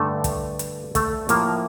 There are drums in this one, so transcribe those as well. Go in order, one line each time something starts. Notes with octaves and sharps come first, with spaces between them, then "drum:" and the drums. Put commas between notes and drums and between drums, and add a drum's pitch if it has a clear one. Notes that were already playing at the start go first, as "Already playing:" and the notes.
Already playing: G2 D3 A3 A4
drum: kick, hi-hat
drum: hi-hat
A3 A4, drum: kick, hi-hat
A2 F3 A#3 A#4, drum: hi-hat